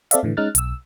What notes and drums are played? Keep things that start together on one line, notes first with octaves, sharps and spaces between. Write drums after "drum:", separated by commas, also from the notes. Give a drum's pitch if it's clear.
C4 A4 D5 E5 F5, drum: hi-hat
A2 D3 E3
G#3 C#4 D#4 F6 F#6 A6
B1 E6, drum: hi-hat